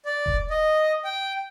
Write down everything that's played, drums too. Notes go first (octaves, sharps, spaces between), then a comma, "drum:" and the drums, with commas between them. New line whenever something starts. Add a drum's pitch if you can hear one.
D5
drum: kick E1
D#5
G5